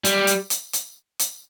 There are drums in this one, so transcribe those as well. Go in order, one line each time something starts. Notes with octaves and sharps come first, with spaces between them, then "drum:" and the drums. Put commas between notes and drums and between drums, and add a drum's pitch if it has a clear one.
G3, drum: hi-hat
drum: hi-hat
drum: hi-hat
drum: hi-hat
drum: hi-hat